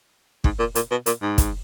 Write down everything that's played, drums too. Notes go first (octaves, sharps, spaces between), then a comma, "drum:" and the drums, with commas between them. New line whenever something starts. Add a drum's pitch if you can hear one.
G#2, drum: kick
A#2
A#2, drum: hi-hat
B2
A#2, drum: hi-hat
G#2
drum: kick, hi-hat